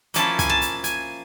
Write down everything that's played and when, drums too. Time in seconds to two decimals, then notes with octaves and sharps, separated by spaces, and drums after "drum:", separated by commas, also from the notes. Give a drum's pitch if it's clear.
0.14 F3 A#3 C#4 E4 A5, drum: hi-hat
0.39 G#5, drum: kick, hi-hat
0.49 A5
0.61 drum: hi-hat
0.84 G#5, drum: hi-hat